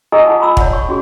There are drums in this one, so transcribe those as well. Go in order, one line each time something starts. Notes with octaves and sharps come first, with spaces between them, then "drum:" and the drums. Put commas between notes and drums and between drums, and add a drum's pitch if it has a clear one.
G#4 D#5 G#5 A#5 D#6 E6
F4 F#5 A5
A#5 B5 E6
C#5 D5 F#5, drum: kick
C#6
C#4 F#4 G#4